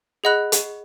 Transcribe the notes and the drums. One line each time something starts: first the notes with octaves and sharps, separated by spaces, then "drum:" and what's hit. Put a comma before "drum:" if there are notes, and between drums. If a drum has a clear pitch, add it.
G#4 D#5 F#5 B5 F#6
drum: hi-hat